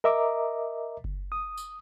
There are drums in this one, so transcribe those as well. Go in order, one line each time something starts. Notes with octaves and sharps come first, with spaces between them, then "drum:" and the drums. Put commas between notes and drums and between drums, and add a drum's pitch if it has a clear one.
A#4 D#5 E5 A#5 D6
drum: kick F#1
D#6
drum: tambourine